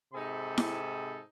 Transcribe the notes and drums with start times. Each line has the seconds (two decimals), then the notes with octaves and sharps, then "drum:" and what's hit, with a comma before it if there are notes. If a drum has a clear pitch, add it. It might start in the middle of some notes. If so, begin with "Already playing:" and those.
0.14 G#2 C3 D#4 G#4 A4 B5
0.58 drum: snare E4